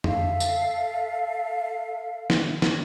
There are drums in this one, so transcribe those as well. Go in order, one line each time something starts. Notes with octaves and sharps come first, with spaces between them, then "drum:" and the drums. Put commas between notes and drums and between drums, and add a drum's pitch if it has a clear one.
A4 E5 F5, drum: tom F2
drum: tambourine
drum: snare
drum: snare